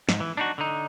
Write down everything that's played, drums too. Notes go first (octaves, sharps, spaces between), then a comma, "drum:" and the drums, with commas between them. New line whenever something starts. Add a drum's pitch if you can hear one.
G#2, drum: snare
E3
D4 D#4 F#4
D3 D#4